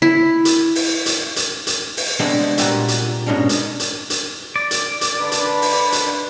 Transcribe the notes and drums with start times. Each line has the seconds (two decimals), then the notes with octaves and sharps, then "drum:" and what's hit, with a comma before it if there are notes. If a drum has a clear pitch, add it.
0.02 E4
0.45 drum: hi-hat
0.76 drum: open hi-hat
1.06 drum: hi-hat
1.36 drum: hi-hat
1.67 drum: hi-hat
1.97 drum: open hi-hat
2.19 C3 G3 G#3 B3 C4 D4
2.58 A#2 G3 F#4 G4 E5 G#5, drum: hi-hat
2.88 drum: hi-hat
3.26 G#2 B2 G#3 C#4 D4
3.49 drum: hi-hat
3.80 drum: hi-hat
4.10 drum: hi-hat
4.56 D5
4.71 drum: hi-hat
5.01 drum: hi-hat
5.21 D3 D4 B4
5.32 drum: hi-hat
5.62 drum: open hi-hat
5.92 drum: hi-hat